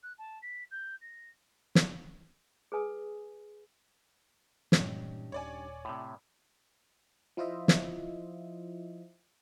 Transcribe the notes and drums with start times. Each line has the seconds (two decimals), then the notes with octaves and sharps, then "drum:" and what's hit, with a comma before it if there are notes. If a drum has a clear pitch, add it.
0.03 F#6
0.18 A5
0.42 B6
0.71 G6
1.01 A#6
1.75 drum: snare
2.72 G#4 B4 G#5 D#6
4.72 G2 A#2 E3 G#3 C#4 D#4, drum: snare
5.32 D#1 C#5 D5 G#5
5.85 A2 C3
7.37 F3 E4 F4 C5 D#5 E5
7.68 drum: snare